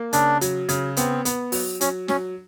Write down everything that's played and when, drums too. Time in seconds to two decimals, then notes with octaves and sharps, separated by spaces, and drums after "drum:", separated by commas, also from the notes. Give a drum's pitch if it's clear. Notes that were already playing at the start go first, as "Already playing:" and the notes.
Already playing: A#3
0.13 C#3 D4, drum: hi-hat
0.41 F#3, drum: hi-hat
0.69 C#3, drum: hi-hat
0.97 B3 C4, drum: hi-hat
1.25 B3, drum: hi-hat
1.52 F#3, drum: open hi-hat
1.81 F#3 C#4, drum: hi-hat
2.08 F#3 C#4, drum: snare